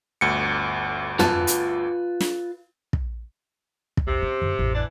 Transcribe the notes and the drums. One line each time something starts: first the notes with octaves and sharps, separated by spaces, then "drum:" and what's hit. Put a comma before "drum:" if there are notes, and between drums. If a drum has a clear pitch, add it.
G1 D2 C#7
F4 B4 A5, drum: tom
drum: hi-hat
drum: snare
drum: kick
drum: kick
G#1 D#2 C3
C#4
F#2 D3
A1 F2
E3 D4